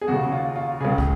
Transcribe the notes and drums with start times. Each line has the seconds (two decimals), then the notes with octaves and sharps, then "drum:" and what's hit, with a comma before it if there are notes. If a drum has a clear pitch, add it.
0.01 G#4
0.08 D#2 C#3 F#4
0.32 F4
0.56 F4
0.80 C#2 C#3 G#4
0.98 drum: kick